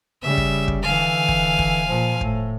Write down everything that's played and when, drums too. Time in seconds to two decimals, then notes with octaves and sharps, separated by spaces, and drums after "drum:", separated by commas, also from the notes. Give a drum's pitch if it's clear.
0.22 C#3 G3 E5
0.37 drum: kick
0.68 drum: kick
0.83 D3 E3 F5 G#5
1.28 drum: kick
1.59 drum: kick
1.88 A#2 F3
2.21 A2, drum: kick